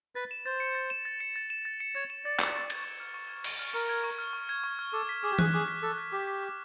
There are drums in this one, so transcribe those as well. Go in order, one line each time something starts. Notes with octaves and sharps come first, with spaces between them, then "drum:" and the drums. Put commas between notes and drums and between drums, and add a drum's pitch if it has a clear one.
B4 A6
E7
C5 A6
C#7
A6
E7
A6
C#7
A6
E7
A6
C#7
C#5 A6
E7
D5 A6
C#7, drum: clap
C#6
G#6, drum: cymbal
C#6
F6
C#6
G#6
C#6, drum: cymbal
F6
A#4 C#6
G#6
C#6
F6
C#6
G#6
C#6
F6
A4 D6
B6
G#4 D6
G4
G#4 F#6, drum: tom E3
G#4 D6
B6
A4 D6
F#6
G4 D6
B6
D6